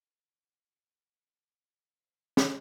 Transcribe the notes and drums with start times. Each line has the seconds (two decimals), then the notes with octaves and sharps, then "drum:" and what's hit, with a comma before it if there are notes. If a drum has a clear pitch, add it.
1.93 C5 E5 E6 C7
2.37 drum: snare